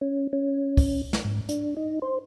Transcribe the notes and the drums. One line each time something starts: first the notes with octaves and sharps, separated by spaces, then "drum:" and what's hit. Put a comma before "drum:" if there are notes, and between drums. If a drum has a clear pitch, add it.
C#4
C#4
drum: kick, open hi-hat
drum: snare
G#2
D4, drum: hi-hat
D#4
C5